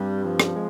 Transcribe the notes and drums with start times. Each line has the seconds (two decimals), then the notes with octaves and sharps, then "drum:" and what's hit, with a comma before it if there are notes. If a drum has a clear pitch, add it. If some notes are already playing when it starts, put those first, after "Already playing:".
Already playing: G2 C3 G3
0.24 F3
0.40 drum: rim click
0.55 G#3